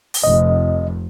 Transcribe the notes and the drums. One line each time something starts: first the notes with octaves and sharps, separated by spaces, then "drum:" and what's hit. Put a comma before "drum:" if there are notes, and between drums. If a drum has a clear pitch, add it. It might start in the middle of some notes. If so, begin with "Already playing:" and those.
drum: open hi-hat
F1 D#5